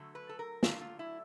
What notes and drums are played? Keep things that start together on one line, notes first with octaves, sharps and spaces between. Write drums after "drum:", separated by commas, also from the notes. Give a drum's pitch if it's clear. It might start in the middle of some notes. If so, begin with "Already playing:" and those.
Already playing: D3 F#3 A3
B4
A4
A#4
D3 F#3 A3 F4, drum: snare
F4
E4